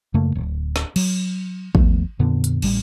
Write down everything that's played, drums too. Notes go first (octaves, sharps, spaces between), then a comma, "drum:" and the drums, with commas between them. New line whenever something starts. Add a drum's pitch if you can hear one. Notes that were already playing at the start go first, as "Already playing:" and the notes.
F#2 C#3 A3 A#3
D1
drum: snare
F#3, drum: cymbal
D#2 F3 A3 B3, drum: kick
F2 A#2 D3 B3
drum: hi-hat
A1 G3, drum: cymbal